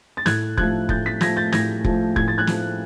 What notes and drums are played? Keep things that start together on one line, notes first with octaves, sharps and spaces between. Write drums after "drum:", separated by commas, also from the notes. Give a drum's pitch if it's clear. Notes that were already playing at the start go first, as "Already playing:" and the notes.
A6
A2 F#6 G#6, drum: snare
F3 A3 F#6 G#6, drum: kick F1
A2 G6 A6, drum: kick F1
A6 B6
F3 A3 G#6 A#6, drum: snare
G6 A6
A2 G#6 A#6, drum: snare
F3 A3, drum: kick F1
A2 G#6, drum: kick F1
A6
F#6 G#6
F3 A3, drum: snare